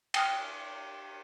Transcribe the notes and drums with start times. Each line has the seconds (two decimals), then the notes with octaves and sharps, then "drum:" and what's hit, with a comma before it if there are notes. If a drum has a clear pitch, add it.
0.14 G5 G#5 D#6 F6 F#6, drum: cymbal